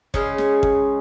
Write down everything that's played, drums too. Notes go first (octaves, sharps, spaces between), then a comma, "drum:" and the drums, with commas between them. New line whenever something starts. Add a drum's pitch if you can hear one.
C#3 G#3 C#4, drum: kick
drum: snare
drum: kick